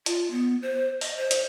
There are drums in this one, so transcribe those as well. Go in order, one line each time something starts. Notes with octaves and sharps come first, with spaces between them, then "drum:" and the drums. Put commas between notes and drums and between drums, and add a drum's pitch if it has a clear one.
F4, drum: hi-hat
B3
C5
D#5, drum: open hi-hat
C5
drum: hi-hat